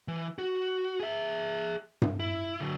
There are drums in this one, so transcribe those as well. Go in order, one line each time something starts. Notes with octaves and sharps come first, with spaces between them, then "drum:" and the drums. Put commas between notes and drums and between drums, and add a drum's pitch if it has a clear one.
E3
F#4
G#4 E5
drum: tom G2
E4
D3 F#3